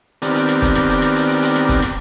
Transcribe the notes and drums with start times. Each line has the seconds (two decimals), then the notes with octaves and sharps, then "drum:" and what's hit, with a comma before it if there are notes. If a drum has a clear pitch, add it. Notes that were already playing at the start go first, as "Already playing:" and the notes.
0.22 D#3 B3 C4 G4 A#4 D5, drum: hi-hat
0.35 drum: hi-hat
0.49 drum: rim click
0.62 drum: kick, hi-hat
0.75 drum: rim click
0.89 drum: hi-hat
1.02 drum: rim click
1.15 drum: hi-hat
1.29 drum: hi-hat
1.42 drum: hi-hat
1.56 drum: rim click
1.69 drum: kick, hi-hat
1.82 drum: rim click